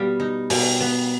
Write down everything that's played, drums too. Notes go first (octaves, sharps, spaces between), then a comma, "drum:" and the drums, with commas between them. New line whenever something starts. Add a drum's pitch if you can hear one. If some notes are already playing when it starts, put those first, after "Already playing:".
Already playing: B2 G3 B3 F5
D#4
B2, drum: open hi-hat
B3